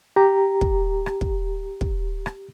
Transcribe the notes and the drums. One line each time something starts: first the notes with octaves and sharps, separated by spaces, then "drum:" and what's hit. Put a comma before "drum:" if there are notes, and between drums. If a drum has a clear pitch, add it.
G4 A#5
drum: kick
drum: rim click
drum: kick
drum: kick
drum: rim click